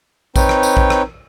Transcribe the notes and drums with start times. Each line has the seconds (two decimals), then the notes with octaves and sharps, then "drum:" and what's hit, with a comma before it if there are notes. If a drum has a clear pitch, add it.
0.36 C4 D#4 B4 C#5 G5, drum: kick A#1, tambourine
0.49 drum: rim click
0.63 drum: tambourine
0.77 drum: kick A#1
0.90 drum: rim click